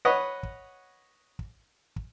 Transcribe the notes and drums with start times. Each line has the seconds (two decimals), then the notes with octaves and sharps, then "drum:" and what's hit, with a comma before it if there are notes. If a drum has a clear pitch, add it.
0.05 B4 C#5 D#5 F#5
0.43 drum: kick
1.39 drum: kick
1.96 drum: kick